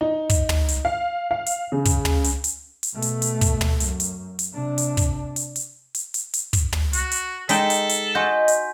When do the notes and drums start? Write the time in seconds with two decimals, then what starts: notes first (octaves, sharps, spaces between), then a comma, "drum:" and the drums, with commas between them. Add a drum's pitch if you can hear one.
0.01 D#4
0.30 drum: kick, hi-hat
0.49 drum: tom
0.68 drum: hi-hat
0.85 F5
1.31 F5
1.46 drum: hi-hat
1.72 C#3
1.85 drum: kick, hi-hat
2.05 drum: tom
2.24 drum: hi-hat
2.44 drum: hi-hat
2.83 drum: hi-hat
2.93 B2 A3
3.02 drum: hi-hat
3.22 drum: hi-hat
3.41 drum: kick, hi-hat
3.61 drum: tom
3.80 F#2, drum: hi-hat
4.00 drum: hi-hat
4.39 drum: hi-hat
4.52 C3 D4
4.78 drum: hi-hat
4.97 drum: kick, hi-hat
5.36 drum: hi-hat
5.56 drum: hi-hat
5.95 drum: hi-hat
6.14 drum: hi-hat
6.34 drum: hi-hat
6.53 drum: kick, hi-hat
6.72 drum: tom
6.93 F#4, drum: hi-hat
7.11 drum: hi-hat
7.49 G#3 D#4 A4 G5 B6, drum: hi-hat
7.70 drum: hi-hat
7.89 drum: hi-hat
8.15 F#4 D#5 G#5 C6 G6
8.48 drum: hi-hat